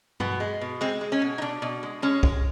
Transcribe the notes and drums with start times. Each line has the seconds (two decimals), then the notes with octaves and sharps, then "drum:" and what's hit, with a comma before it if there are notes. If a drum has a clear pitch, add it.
0.20 B2 B3, drum: tom
0.40 G#3
0.61 B2
0.81 G#3 C4
1.01 G#3
1.12 C#4
1.22 B2
1.38 D#4
1.41 B2 D4
1.62 B2
1.83 G#3
2.02 G#3 C#4
2.23 G#3, drum: kick B1